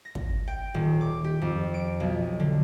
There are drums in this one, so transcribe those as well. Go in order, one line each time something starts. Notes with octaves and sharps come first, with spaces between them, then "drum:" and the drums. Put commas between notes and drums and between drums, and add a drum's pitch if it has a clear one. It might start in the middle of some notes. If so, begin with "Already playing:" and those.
A#6
drum: kick
G5
D#1
D6
G4
F2
D7
B1
D3